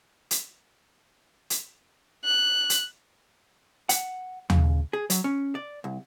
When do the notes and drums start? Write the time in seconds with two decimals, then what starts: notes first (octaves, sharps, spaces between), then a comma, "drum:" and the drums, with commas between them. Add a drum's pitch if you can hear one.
0.31 drum: hi-hat
1.50 drum: hi-hat
2.25 F#6
2.70 drum: hi-hat
3.89 F#5, drum: hi-hat
4.50 C#3, drum: tom D#2
4.93 G#4
5.10 F#3, drum: hi-hat
5.24 C#4
5.55 D5
5.84 C2